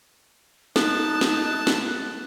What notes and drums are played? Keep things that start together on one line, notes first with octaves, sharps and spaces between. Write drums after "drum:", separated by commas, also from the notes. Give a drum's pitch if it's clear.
D#4 A4 A5 F#6, drum: snare
drum: snare
drum: snare